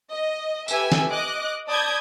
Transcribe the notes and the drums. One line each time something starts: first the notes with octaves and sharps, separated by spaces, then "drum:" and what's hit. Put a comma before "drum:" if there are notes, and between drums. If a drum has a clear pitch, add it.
D#5
G4 A4 B4 E5 G#5 E6, drum: tambourine
drum: snare
D#5 D6 F#6
D5 A5 B5 D#6 G6 G#6